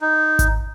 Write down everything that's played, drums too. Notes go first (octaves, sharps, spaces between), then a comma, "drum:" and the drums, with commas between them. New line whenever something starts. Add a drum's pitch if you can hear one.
D#4
drum: kick G#1, hi-hat